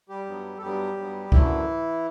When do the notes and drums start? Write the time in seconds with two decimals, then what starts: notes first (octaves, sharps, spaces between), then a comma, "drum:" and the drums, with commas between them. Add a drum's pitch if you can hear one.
0.09 G3 G4
0.26 G2 F#3 B3
0.58 A4
0.62 G2 F#3 G3 B3 G4
0.97 G2 F#3 B3
1.32 F#2 D3 E3 F#3 A3 E4, drum: kick C#2